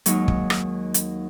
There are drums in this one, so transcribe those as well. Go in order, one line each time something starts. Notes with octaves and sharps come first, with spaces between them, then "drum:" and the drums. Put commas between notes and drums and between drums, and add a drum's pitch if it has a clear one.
D#2 F#3 G#3 D#4 F5 C#6, drum: hi-hat
drum: kick
drum: rim click
drum: hi-hat